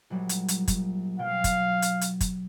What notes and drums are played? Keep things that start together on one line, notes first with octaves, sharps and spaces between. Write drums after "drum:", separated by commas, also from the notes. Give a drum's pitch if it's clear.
A#1 F#3 G3
drum: hi-hat
drum: hi-hat
drum: kick, hi-hat
B2 F#3 F5 G5
drum: kick, hi-hat
drum: hi-hat
drum: hi-hat
drum: kick, hi-hat